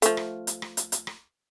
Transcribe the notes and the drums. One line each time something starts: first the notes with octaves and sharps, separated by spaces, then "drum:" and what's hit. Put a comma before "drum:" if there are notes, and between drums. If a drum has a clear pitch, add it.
F3 A3, drum: hi-hat
drum: rim click
drum: hi-hat
drum: rim click
drum: hi-hat
drum: hi-hat
drum: rim click